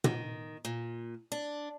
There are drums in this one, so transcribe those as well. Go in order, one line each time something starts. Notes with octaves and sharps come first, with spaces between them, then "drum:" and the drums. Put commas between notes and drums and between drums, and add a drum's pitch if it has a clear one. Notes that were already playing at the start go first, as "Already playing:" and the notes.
D#3, drum: tom
A#2
D4